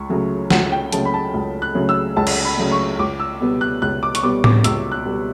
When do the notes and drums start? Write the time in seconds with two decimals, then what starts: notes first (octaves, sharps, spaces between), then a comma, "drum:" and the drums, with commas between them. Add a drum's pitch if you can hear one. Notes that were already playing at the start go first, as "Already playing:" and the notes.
Already playing: C#2 C#6
0.09 C#3 F#3 A3
0.51 C#2 F#5, drum: snare
0.72 G5
0.92 C#3 F#3 A3 A5, drum: hi-hat
1.05 B5
1.14 A5
1.34 C#2
1.62 F#6
1.75 C#3 F#3 A3
1.89 E6
2.16 C#2 A5
2.27 drum: cymbal
2.45 B5
2.58 C#3 F#3 A3
2.72 C#6
2.99 C#2 D6
3.20 E6
3.40 B2 G3 B3
3.61 F#6
3.82 C#2 F#6
4.03 D6
4.15 C#6, drum: hi-hat
4.23 B2 G3 B3 D6
4.44 D6, drum: tom A2
4.64 C#2 E6, drum: hi-hat
4.92 F#6
5.06 B2 G3 B3